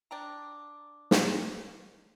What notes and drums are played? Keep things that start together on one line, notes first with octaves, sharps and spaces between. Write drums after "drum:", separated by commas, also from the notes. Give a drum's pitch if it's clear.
D4 G5 A#5
drum: snare